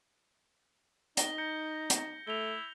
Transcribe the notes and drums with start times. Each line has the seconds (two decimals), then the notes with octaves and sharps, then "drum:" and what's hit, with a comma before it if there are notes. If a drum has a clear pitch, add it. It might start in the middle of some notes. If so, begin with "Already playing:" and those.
1.17 D#4 A#6 G7, drum: hi-hat
1.38 A#5 G6 C#7
1.90 drum: hi-hat
2.27 A3 E4 F7 G7